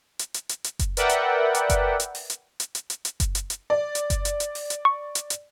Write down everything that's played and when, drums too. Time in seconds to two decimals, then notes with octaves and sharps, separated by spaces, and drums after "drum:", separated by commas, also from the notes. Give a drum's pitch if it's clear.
0.19 drum: hi-hat
0.34 drum: hi-hat
0.49 drum: hi-hat
0.64 drum: hi-hat
0.79 drum: kick F#1, hi-hat
0.97 A#4 B4 D5 E5 F#5 G5, drum: hi-hat
1.09 drum: hi-hat
1.55 drum: hi-hat
1.70 drum: kick F#1, hi-hat
2.00 drum: hi-hat
2.15 drum: open hi-hat
2.30 drum: hi-hat
2.60 drum: hi-hat
2.75 drum: hi-hat
2.90 drum: hi-hat
3.05 drum: hi-hat
3.20 drum: kick F#1, hi-hat
3.35 drum: hi-hat
3.50 drum: hi-hat
3.70 D5
3.95 drum: hi-hat
4.10 drum: kick F#1, hi-hat
4.25 drum: hi-hat
4.40 drum: hi-hat
4.55 drum: open hi-hat
4.70 drum: hi-hat
4.85 C#6
5.15 drum: hi-hat
5.30 drum: hi-hat